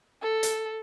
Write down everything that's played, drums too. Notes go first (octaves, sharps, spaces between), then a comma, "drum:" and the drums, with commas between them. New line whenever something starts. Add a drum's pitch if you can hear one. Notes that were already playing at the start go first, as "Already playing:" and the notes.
A4
drum: hi-hat